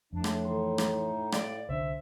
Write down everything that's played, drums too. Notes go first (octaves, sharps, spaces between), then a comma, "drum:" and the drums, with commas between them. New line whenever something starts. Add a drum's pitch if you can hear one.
F2 A2 D4
drum: rim click
E3 D#4 A4 C6
drum: rim click
D5 F5, drum: rim click
C2 D3 D4 C5 E5